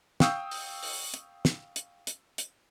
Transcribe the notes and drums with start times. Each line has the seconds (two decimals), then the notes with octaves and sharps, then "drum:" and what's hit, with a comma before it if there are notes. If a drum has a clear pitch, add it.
0.20 F5 G5 C#6 D#6 E6 G6, drum: snare
0.51 drum: open hi-hat
0.83 drum: open hi-hat
1.14 drum: hi-hat
1.45 drum: snare
1.76 drum: hi-hat
2.07 drum: hi-hat
2.38 drum: hi-hat